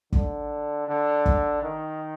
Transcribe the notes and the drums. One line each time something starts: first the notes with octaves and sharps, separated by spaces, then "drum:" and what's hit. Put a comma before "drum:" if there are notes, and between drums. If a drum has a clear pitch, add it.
D3, drum: kick
D3
drum: kick
D#3